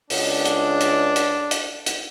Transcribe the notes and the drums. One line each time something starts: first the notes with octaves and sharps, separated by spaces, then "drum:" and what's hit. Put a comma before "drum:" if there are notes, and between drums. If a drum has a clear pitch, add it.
C#2 D4, drum: open hi-hat
drum: hi-hat
drum: hi-hat
drum: hi-hat
drum: hi-hat
drum: hi-hat